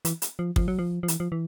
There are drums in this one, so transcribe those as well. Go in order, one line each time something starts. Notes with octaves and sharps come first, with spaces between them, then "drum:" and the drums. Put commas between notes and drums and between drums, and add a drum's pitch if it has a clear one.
E3, drum: hi-hat
drum: hi-hat
F3
F3, drum: kick
F#3
F3
F3
E3, drum: hi-hat
F3
E3